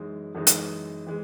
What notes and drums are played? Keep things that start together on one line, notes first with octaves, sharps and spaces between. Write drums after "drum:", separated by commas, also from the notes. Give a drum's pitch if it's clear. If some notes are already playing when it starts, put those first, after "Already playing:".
Already playing: F#2 E3 G#3 D#4
F#2 E3 G#3 D#4
drum: hi-hat
E3 G#3